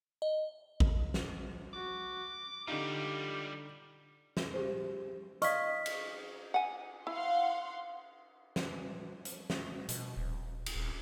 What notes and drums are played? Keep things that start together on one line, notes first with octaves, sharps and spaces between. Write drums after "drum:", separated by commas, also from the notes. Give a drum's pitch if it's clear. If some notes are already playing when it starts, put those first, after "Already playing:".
D#5
drum: kick A1
drum: snare
F#4 D6
D3 G3 D#4 F4 G4
drum: snare
G4 G#4 C5
D5 D#5 F5 C#6 F6 B6, drum: hi-hat
drum: cymbal
F#5 G#5
E4 F5 F#5 C6
E3, drum: snare
drum: hi-hat
A3, drum: snare
B2, drum: hi-hat
D#1
drum: cymbal
D#1